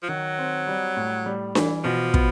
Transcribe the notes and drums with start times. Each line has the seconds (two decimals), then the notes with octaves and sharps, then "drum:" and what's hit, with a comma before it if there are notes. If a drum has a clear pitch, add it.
0.03 F3
0.09 D#3 F#3
0.38 C4
0.67 G3
0.96 A2
1.26 G3
1.55 E3, drum: snare D4
1.84 B2 F3
2.14 B3, drum: kick